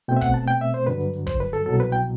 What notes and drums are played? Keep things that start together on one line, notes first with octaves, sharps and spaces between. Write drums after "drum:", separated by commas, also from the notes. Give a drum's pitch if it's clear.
B2 A3 C4 G5
E5
F#5, drum: kick, hi-hat
A5
G5, drum: hi-hat
E5
C5, drum: hi-hat
G2 D3 F#3 B4, drum: hi-hat
drum: hi-hat
drum: hi-hat
C5, drum: kick, hi-hat
B4
A4, drum: hi-hat
C2 B2 F#3 A4
B4, drum: hi-hat
G5, drum: hi-hat